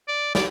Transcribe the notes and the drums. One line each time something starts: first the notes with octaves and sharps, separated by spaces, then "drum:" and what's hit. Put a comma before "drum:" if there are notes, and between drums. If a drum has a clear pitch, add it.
D5
D5, drum: snare